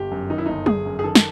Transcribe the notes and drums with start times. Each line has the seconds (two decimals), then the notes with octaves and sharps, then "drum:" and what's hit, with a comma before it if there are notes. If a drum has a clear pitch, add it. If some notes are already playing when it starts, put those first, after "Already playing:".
Already playing: G1 G4
0.11 F#2
0.30 D#3 D#4
0.38 E4
0.46 G1 D#4
0.66 G1 G#4, drum: tom F#3
0.86 F#2
0.99 G#4
1.03 D#3 A4
1.15 drum: snare